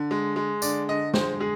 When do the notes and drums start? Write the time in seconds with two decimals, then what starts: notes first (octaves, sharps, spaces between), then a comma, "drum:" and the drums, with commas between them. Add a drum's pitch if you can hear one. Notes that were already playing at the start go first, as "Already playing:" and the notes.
Already playing: D3
0.11 G#3
0.36 G#3
0.62 D3 D5, drum: tambourine
0.89 D3 D#5
1.14 G#3 C5, drum: snare
1.40 G#3 G#4